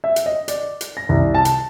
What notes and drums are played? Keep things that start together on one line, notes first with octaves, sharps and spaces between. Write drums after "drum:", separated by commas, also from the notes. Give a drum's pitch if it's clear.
E5
drum: hi-hat
D#5
D5, drum: hi-hat
drum: hi-hat
A#6
C2
A5
drum: hi-hat